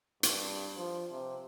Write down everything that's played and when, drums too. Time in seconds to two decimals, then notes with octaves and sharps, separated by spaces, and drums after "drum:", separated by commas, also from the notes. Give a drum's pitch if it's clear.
0.23 G2, drum: hi-hat
0.77 F3
1.12 C3